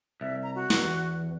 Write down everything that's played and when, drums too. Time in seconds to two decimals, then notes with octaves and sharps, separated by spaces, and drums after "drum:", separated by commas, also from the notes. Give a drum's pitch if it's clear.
0.21 C2 E5
0.43 A#5
0.55 F#4
0.70 C2 A#2, drum: snare
0.82 E2